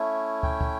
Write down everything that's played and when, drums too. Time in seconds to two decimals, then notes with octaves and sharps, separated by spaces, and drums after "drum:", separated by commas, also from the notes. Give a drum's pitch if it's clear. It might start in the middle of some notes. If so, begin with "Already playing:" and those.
Already playing: A3 C#4 E4
0.43 G5, drum: kick
0.61 drum: kick